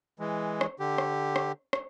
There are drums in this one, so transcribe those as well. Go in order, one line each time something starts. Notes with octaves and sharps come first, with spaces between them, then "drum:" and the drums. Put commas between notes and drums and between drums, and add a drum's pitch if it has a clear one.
E3 G#3
drum: rim click
D3 G4
drum: rim click
drum: rim click
drum: rim click